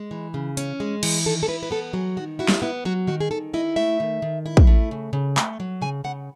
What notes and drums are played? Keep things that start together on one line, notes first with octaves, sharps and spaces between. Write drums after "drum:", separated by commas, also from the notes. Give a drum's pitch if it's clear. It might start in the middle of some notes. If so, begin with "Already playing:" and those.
Already playing: G#3
E3
C#3
C#4, drum: hi-hat
G#3
E3, drum: cymbal
D#3 A4
A4
E4 B4
B4
B3 A4
F#3 G#4
D#3 F#4
E4 F#4
drum: snare
B3 E4
F#3 F#4
D#3 F#4
G#4
D#3 A4
E4 D#5
A3 E5
D#3
D#3
E4
drum: kick
A3
C#3
C#3
A3, drum: clap
F#3
C#3 G#5
C#3 F#5